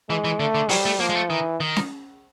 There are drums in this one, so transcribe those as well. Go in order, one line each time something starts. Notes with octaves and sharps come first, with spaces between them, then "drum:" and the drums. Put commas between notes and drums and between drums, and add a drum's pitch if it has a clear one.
E3 G#3
E3
D3 A3
D3
F#3 G3, drum: open hi-hat
A3
F3 A#3
G#3
A3
D#3 E3
D#3
drum: snare C#4